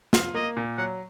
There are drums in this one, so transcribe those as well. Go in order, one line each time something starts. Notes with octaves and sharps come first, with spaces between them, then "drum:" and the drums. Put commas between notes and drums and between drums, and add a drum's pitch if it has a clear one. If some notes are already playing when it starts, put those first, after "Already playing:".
F4, drum: snare
A#3 D#5
A#2
F#3 F#5